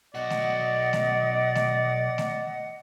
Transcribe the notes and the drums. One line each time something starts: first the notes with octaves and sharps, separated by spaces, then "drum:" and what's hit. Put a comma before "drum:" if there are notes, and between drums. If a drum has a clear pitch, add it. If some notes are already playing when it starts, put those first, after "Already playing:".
B1 F#4 D5 D#5 F#5
drum: snare A3
drum: snare A3
drum: snare A3
drum: snare A3